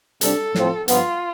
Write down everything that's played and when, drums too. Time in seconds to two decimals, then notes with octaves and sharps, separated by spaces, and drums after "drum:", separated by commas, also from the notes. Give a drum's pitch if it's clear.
0.21 C3 G3 D4 A4, drum: hi-hat
0.55 A2 F3 C4 F4, drum: snare
0.88 G2 F3 B3 F4, drum: hi-hat